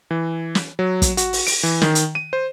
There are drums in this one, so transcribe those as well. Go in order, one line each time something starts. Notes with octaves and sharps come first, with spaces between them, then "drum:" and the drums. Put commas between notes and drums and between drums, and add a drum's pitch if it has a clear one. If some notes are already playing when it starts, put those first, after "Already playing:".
E3
drum: snare
F#3
drum: kick, hi-hat
F#4, drum: hi-hat
drum: open hi-hat
D7, drum: open hi-hat
E3
D#3, drum: snare
drum: hi-hat
D#7
C5